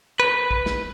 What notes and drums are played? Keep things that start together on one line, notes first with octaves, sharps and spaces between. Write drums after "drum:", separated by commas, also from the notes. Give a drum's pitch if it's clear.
B4
drum: kick
drum: snare